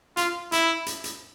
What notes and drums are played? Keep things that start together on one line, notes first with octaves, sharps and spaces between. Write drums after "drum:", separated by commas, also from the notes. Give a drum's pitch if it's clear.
F4, drum: hi-hat
E4, drum: hi-hat
drum: hi-hat
drum: hi-hat